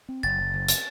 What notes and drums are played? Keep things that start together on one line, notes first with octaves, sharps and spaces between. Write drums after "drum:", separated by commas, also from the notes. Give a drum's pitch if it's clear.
C4
F#1 A6
F#1
F#1
drum: hi-hat